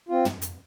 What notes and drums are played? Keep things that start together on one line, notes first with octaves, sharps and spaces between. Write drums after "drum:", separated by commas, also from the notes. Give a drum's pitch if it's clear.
C4 F4
drum: tom
drum: hi-hat